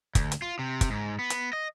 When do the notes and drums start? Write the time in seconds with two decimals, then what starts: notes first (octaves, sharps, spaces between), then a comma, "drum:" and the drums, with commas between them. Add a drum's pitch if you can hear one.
0.15 D2, drum: kick G1, hi-hat
0.32 drum: hi-hat
0.42 F4
0.59 C3
0.81 drum: kick G1, hi-hat
0.90 G#2
1.19 B3
1.30 drum: hi-hat
1.53 D#5